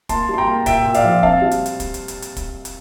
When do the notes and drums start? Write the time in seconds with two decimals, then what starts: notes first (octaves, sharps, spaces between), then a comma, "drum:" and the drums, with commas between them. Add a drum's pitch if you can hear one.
0.09 A#3 A5 C6, drum: kick, hi-hat
0.29 G3
0.34 C6
0.38 G5 A#5
0.47 A#3
0.66 A#2 E5 G5, drum: kick, hi-hat
0.85 A#2
0.94 D5 F5, drum: hi-hat
1.04 F3
1.23 C4 F5 A5, drum: kick
1.42 G3
1.51 drum: hi-hat
1.66 drum: hi-hat
1.80 drum: kick, hi-hat
1.94 drum: hi-hat
2.08 drum: hi-hat
2.22 drum: hi-hat
2.37 drum: kick, hi-hat
2.65 drum: hi-hat